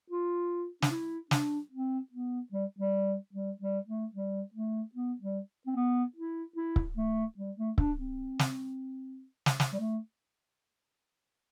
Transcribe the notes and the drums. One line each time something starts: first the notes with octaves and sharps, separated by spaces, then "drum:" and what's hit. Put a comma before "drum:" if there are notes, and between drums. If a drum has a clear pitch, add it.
F4
D4, drum: snare
E4
D4, drum: snare
C4
B3
G3
G3
G3
G3
A3
G3
A3
B3
G3
C4
B3
E4
E4
drum: kick C#1
A3
G3
A3
D4, drum: kick C#1
C4
drum: snare
drum: snare
drum: snare
G3
A3